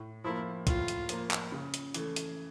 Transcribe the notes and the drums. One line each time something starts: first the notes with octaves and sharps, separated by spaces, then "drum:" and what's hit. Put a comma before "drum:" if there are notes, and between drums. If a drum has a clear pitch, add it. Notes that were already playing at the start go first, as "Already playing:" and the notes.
Already playing: A2
F3 A#3 E4
A2 F4, drum: kick, hi-hat
drum: hi-hat
F3 A#3, drum: hi-hat
drum: clap
C#3
drum: hi-hat
E3 A3, drum: hi-hat
drum: hi-hat